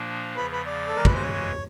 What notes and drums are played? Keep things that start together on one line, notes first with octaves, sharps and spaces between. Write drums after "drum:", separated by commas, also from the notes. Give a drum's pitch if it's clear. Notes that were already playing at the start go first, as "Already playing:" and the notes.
Already playing: A#2 F3 A#3 D4
E2 C#3 F3 B4
B4
D5
A4
C#3 E3 G#3 A#4
B4, drum: kick
C5
C#5